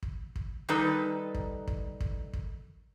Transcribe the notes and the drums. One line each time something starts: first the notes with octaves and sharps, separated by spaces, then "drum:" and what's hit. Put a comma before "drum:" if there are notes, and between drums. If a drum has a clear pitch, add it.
drum: kick
drum: kick
D#3 G3 D#4 A4 B4
drum: kick
drum: kick
drum: kick
drum: kick